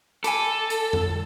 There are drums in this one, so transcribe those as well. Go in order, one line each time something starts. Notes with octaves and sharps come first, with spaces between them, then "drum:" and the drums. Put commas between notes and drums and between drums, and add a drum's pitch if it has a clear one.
A4 G#5 B5 D6, drum: hi-hat
drum: hi-hat
drum: tom F2